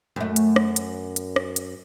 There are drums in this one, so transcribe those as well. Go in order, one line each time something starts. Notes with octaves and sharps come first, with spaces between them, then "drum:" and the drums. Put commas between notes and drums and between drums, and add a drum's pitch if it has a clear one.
F#2 A3
drum: hi-hat
drum: rim click
drum: hi-hat
drum: hi-hat
drum: rim click
drum: hi-hat